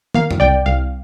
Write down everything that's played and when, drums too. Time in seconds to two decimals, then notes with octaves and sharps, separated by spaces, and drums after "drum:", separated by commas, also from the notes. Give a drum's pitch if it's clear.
0.15 A#3 F5, drum: tom
0.31 drum: tom
0.40 C2 D5 G5
0.66 C2 F5